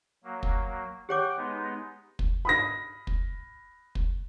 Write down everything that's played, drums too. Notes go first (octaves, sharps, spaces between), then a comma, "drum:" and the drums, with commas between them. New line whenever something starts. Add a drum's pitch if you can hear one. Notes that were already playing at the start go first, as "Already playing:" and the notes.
F#3 A#3
drum: kick
G4 C#5 F#5 G5 D6
G#3 B3 D#4
drum: kick
B5 D#6 A#6
drum: kick
drum: kick